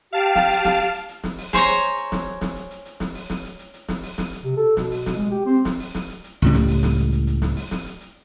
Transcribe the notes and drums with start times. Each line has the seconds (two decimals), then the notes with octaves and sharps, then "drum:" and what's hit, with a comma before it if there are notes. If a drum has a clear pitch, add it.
0.13 G4 F5 A5 D7
0.35 drum: snare
0.50 drum: open hi-hat
0.65 drum: snare
0.79 drum: hi-hat
0.94 drum: hi-hat
1.09 drum: hi-hat
1.23 drum: snare
1.38 drum: open hi-hat
1.53 G#4 C5 C#5 A#5, drum: snare
1.68 drum: hi-hat
1.97 drum: hi-hat
2.12 drum: snare
2.41 drum: snare
2.56 drum: hi-hat
2.71 drum: hi-hat
2.85 drum: hi-hat
3.00 drum: snare
3.15 drum: open hi-hat
3.30 drum: snare
3.44 drum: hi-hat
3.59 drum: hi-hat
3.74 drum: hi-hat
3.88 drum: snare
4.03 drum: open hi-hat
4.18 drum: snare
4.33 drum: hi-hat
4.44 C3
4.57 A4
4.77 B2, drum: snare
4.91 drum: open hi-hat
5.06 drum: snare
5.16 G#3
5.30 G4
5.46 C4
5.65 drum: snare
5.80 drum: open hi-hat
5.95 drum: snare
6.09 drum: hi-hat
6.24 drum: hi-hat
6.42 C#2 A2 G3
6.53 drum: snare
6.68 drum: open hi-hat
6.83 drum: snare
6.98 drum: hi-hat
7.12 drum: hi-hat
7.27 drum: hi-hat
7.42 drum: snare
7.56 drum: open hi-hat
7.71 drum: snare
7.86 drum: hi-hat
8.01 drum: hi-hat